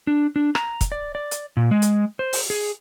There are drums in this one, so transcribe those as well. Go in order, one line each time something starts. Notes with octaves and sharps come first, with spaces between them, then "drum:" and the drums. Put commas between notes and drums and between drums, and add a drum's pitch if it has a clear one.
D4
D4
A#5, drum: rim click
drum: kick, hi-hat
D5
D5
drum: hi-hat
A#2
G#3
drum: hi-hat
C5
drum: open hi-hat
G#4